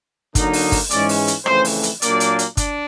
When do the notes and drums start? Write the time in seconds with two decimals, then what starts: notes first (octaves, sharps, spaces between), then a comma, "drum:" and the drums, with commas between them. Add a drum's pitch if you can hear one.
0.35 D3 F#3 A#3 D#4, drum: kick, hi-hat
0.53 drum: open hi-hat
0.72 drum: kick, open hi-hat
0.91 G#2 E3 G#3 C#4 D5, drum: hi-hat
1.09 drum: open hi-hat
1.27 drum: hi-hat
1.46 F2 C#3 E3 A3 C5, drum: rim click
1.65 drum: open hi-hat
1.83 drum: hi-hat
2.02 A#2 F#3 A#3 D4 D5, drum: hi-hat
2.20 drum: hi-hat
2.39 drum: hi-hat
2.57 D4, drum: kick, hi-hat